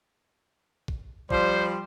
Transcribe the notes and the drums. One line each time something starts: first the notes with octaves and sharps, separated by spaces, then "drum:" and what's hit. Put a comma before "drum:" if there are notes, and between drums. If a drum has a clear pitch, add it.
drum: kick A1
F3 G3 C5, drum: kick A1